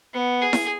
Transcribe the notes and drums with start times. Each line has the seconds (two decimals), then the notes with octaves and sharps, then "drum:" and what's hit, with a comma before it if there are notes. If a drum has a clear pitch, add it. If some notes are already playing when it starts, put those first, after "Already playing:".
0.13 B3
0.42 G#4
0.53 drum: snare E4